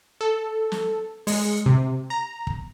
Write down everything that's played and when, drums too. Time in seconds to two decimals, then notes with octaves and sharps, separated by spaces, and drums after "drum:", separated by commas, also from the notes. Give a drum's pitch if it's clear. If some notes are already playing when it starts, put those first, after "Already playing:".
0.21 A4
0.72 drum: snare
1.27 G#3, drum: open hi-hat
1.66 C3
2.10 A#5
2.47 drum: kick